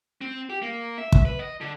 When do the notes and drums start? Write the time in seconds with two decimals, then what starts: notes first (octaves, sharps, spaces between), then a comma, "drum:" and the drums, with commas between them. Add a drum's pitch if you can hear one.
0.21 C4
0.50 G4
0.62 A#3
0.98 E5
1.12 drum: kick
1.25 B4
1.39 D#5
1.61 D3